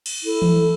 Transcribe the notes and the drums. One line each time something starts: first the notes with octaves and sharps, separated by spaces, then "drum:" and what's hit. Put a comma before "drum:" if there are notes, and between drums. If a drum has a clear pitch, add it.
drum: cymbal
E4 A4
drum: tom E3